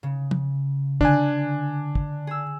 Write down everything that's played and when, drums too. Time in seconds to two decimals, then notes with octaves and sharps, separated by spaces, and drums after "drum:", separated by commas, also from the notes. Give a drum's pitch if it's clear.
0.03 C#3
0.31 drum: tom
1.01 D3 D4 G#5 F#6, drum: kick
1.95 drum: kick
2.27 G#4 E6